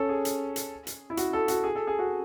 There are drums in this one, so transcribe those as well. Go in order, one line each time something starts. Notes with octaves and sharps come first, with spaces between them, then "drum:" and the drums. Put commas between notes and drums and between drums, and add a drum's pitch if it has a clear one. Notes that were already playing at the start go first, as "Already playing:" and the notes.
Already playing: C#4 A4
G#4
drum: hi-hat
drum: hi-hat
drum: hi-hat
E4
F#4, drum: hi-hat
A4
F#4, drum: hi-hat
G#4
A4
G#4
F#4